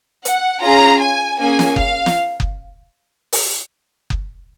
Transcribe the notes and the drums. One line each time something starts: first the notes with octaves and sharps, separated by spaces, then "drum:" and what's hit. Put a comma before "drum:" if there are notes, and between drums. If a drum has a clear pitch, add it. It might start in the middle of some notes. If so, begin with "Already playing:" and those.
F#5, drum: hi-hat
C#4 F4 G#4 A#5
G#5
A#3 C#4 G#4 G#5
drum: snare
F5, drum: kick F#1
drum: snare
drum: kick F#1
drum: open hi-hat
drum: kick F#1